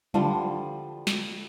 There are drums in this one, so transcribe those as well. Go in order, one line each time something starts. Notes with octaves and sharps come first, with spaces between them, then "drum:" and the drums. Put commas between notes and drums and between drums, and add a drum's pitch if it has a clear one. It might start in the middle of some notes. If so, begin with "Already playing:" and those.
D3 F3 G3, drum: tom F#3
drum: snare